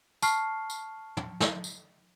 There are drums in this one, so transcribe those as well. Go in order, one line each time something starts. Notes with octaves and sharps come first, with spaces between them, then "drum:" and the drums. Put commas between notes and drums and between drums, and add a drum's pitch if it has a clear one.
A5 C#6 F6 C7, drum: tambourine
drum: tambourine
drum: tom
drum: snare
drum: tambourine